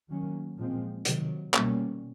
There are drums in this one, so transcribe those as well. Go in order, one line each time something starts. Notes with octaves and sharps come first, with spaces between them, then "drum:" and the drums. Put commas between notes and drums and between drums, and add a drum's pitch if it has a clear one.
D#3 F#3 A#3 C#4
A#2 F3 G#3 C4
C3 D#3 F#3, drum: hi-hat
B2 G3 A#3 C#4, drum: clap